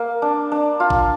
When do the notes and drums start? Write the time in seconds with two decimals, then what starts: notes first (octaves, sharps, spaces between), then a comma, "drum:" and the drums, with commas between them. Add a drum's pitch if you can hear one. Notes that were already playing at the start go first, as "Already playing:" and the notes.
Already playing: A#3
0.22 D4
0.52 D4
0.80 F4
0.90 drum: kick A1